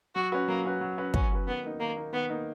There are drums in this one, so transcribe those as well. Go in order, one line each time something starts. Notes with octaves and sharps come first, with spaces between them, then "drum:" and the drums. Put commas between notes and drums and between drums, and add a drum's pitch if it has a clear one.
F#3 F#4
C#4 F#4 B4
F#3 A#3
C#4 F#4 B4
F#3
C#4 F#4 B4
F#3 C#4, drum: kick
C#4 F#4 B4
D#3 B3
A#3 D#4
D#3 A#3
A#3 D#4
D#3 B3
A#3 D#4